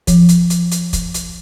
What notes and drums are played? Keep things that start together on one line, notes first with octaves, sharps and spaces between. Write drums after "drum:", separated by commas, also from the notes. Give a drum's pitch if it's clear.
F3, drum: kick, hi-hat
drum: hi-hat
drum: hi-hat
drum: hi-hat
drum: kick, hi-hat
drum: hi-hat